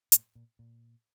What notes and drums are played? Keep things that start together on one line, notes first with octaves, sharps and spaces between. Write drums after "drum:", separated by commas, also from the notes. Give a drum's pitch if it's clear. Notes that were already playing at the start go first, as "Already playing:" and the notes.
A2, drum: hi-hat
A#2
A#2